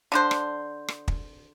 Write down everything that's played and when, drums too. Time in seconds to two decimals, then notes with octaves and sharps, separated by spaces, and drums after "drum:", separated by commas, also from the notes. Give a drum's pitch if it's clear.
0.12 D3 D4 C5
0.31 drum: rim click
0.88 drum: rim click
1.08 drum: kick